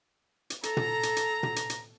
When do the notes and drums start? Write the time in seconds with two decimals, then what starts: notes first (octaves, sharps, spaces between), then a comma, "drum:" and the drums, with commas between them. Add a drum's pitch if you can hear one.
0.50 drum: hi-hat
0.63 A4 A#5, drum: hi-hat
0.77 drum: tom
1.03 drum: hi-hat
1.16 drum: hi-hat
1.43 drum: tom
1.56 drum: hi-hat
1.70 drum: hi-hat